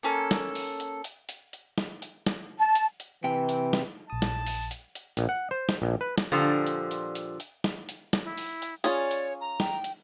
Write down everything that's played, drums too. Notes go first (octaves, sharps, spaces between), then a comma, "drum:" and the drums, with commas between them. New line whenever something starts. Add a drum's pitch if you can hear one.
A#3 C#4 A4
drum: snare
drum: open hi-hat
drum: hi-hat
drum: hi-hat
drum: hi-hat
drum: hi-hat
drum: snare
drum: hi-hat
drum: snare
A5
drum: hi-hat
drum: hi-hat
C3 E3 G5
drum: hi-hat
drum: snare
A#1 A5 D#6
drum: snare
drum: open hi-hat
drum: hi-hat
drum: hi-hat
A#1, drum: hi-hat
F#5
C5
drum: snare
A#1
B4
drum: snare
A#2 D3 F3 G3
drum: hi-hat
drum: hi-hat
drum: hi-hat
drum: hi-hat
drum: snare
drum: hi-hat
drum: snare
E4
drum: open hi-hat
drum: hi-hat
C#4 F4 G#4 C#5 D5, drum: hi-hat
drum: hi-hat
A#5
G5, drum: snare
drum: hi-hat